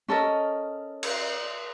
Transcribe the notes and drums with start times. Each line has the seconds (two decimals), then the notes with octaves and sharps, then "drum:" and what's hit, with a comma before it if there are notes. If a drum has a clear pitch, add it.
0.08 C#4 A4 A#4 D#5
1.03 drum: cymbal